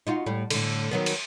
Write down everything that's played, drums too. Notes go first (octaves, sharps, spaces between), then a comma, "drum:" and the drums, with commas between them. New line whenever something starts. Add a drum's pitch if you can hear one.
D#4 F4 F#4
A2 G3
A2 D3, drum: cymbal
D#3 F#3 B3
drum: cymbal